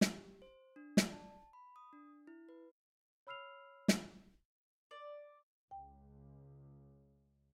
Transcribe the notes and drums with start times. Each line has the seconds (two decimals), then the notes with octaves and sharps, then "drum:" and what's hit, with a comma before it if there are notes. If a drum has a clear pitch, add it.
0.01 G4, drum: snare
0.42 C5
0.76 D4
0.97 D5, drum: snare
1.12 A5
1.53 B5
1.76 D#6
1.93 D4
2.27 E4
2.49 B4
3.27 C#5 B5 E6 F6 C7 F7
3.88 drum: snare
4.91 D5
5.71 C#2 G5